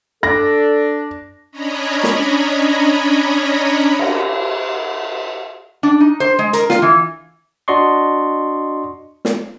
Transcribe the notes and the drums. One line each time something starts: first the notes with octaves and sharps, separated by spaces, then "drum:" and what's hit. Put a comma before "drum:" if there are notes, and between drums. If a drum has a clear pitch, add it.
D4 A4 A#6
C#4 D4 C#5 D#5 A#5 B5
drum: snare
drum: cymbal
D4
D#4
C5
G#3
A#4, drum: hi-hat
F4, drum: snare
E3
D4 F#4 D5 D#5 C6 C#6
drum: snare